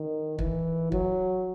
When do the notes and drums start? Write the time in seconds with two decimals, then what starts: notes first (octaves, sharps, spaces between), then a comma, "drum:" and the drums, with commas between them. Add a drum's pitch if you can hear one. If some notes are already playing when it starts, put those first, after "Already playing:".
Already playing: D#3
0.39 E3, drum: kick
0.92 F#3, drum: kick